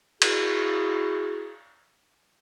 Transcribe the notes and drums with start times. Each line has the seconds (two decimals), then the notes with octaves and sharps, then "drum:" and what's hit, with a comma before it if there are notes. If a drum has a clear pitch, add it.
0.22 E4 F#4 G#4, drum: cymbal